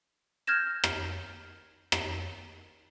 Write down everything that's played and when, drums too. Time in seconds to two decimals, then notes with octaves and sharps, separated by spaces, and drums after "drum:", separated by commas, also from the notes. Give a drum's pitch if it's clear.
0.47 F6 G6 G#6 A#6 E7
0.84 drum: rim click
1.92 drum: rim click